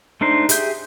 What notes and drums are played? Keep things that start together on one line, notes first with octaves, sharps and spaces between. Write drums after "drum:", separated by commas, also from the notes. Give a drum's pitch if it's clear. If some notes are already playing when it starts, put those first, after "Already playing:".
A3 D4 D#4 C5
G4 G#4 E5 G6, drum: hi-hat